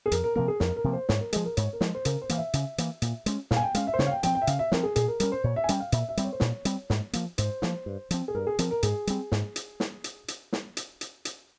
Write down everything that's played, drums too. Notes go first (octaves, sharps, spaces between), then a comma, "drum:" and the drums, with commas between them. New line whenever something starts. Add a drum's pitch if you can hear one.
G#4
F2 A#4, drum: hi-hat
A#4
C3 F3 A#3 A#4
G#4
F2 A#4, drum: snare
A#4
C3 F3 A#3
C5
G#2 C#5, drum: snare
A#4
F3 G#3 G#4, drum: hi-hat
A#4
G#2 C#5, drum: hi-hat
A#4
F3 G#3, drum: snare
C5
C#3 A#4, drum: hi-hat
C5
E3 A#3 F5, drum: hi-hat
E5
C#3, drum: hi-hat
E3 A#3, drum: hi-hat
A#2, drum: hi-hat
G#3 C#4, drum: hi-hat
A#2 F5, drum: snare
G#5
G5
G#3 C#4 F5, drum: hi-hat
E5
C5
C#3 C#5, drum: snare
F5
G5
F3 C4 G5, drum: hi-hat
G5
E5
C#3 F5, drum: hi-hat
E5
F3 C4 A#4, drum: snare
G#4
A#2 G#4, drum: hi-hat
A#4
G3 C#4 A#4, drum: hi-hat
C5
A#2 C#5
E5
G#5
G3 C#4 G5, drum: hi-hat
F5
A#2 E5, drum: hi-hat
E5
G3 C4, drum: hi-hat
C#5
C5
A#2 C#5, drum: snare
G3 C4, drum: hi-hat
G#2, drum: snare
F3 A#3, drum: hi-hat
G#2 C5, drum: hi-hat
F3 A#3, drum: snare
G2
F3 C4, drum: hi-hat
G#4
G2 A#4
G#4
F3 C4 A#4, drum: hi-hat
A#4
G#2 G#4, drum: hi-hat
G3 C4, drum: hi-hat
G#2, drum: snare
drum: hi-hat
drum: snare
drum: hi-hat
drum: hi-hat
drum: snare
drum: hi-hat
drum: hi-hat
drum: hi-hat